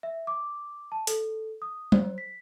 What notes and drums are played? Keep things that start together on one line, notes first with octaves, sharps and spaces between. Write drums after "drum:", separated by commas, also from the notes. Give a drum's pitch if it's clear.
E5
D6
A5
A4, drum: hi-hat
D#6
C5, drum: tom F#3
B6